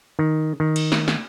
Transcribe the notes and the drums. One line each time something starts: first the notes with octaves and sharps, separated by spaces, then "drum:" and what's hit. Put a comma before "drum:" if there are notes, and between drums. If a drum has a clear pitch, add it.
D#3
D#3
drum: cymbal
drum: snare
drum: snare